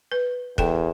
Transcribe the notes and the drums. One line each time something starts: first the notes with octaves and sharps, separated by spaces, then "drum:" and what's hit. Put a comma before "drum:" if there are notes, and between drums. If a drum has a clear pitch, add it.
B4
E2 A4 G5, drum: kick